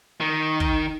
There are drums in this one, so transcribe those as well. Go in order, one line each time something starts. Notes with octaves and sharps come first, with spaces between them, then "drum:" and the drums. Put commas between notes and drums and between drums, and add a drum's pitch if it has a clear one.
D#3
drum: kick